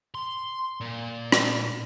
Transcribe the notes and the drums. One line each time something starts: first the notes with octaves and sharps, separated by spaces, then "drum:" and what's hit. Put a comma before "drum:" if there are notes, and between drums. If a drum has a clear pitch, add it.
C6
A#2
drum: rim click